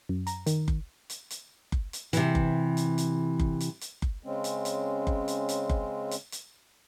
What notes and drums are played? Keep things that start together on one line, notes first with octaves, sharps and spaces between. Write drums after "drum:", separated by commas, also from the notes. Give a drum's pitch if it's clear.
F#2
A#5, drum: hi-hat
D#3, drum: hi-hat
drum: kick F#1
drum: hi-hat
drum: hi-hat
drum: kick F#1
drum: hi-hat
C3 E3, drum: hi-hat
drum: kick F#1
drum: hi-hat
drum: hi-hat
drum: kick F#1
drum: hi-hat
drum: hi-hat
drum: kick F#1
C#3 G#3 C4 C#4
drum: hi-hat
drum: hi-hat
drum: kick F#1
drum: hi-hat
drum: hi-hat
drum: kick F#1
drum: hi-hat
drum: hi-hat